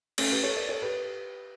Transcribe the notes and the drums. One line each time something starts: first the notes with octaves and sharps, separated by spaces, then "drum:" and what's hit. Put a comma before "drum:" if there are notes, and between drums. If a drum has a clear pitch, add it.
A3 C#4, drum: cymbal
G4 B4
A4 C#5
B4 D5
A4 C#5
G4 B4